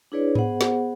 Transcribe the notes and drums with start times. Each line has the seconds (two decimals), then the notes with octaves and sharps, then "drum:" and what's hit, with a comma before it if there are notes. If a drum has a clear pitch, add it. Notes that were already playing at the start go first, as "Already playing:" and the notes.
0.12 D4 E4 G#4 B4 C#5 D5
0.35 B3 G#4 C5 F#5, drum: tom G#2
0.61 drum: snare